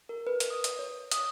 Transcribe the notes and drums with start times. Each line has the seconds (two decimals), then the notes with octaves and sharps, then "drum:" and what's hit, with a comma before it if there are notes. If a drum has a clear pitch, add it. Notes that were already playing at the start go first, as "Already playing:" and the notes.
0.09 A#4
0.27 B4
0.40 drum: hi-hat
0.50 D#6
0.64 drum: hi-hat
0.79 C#5
1.11 D#6, drum: hi-hat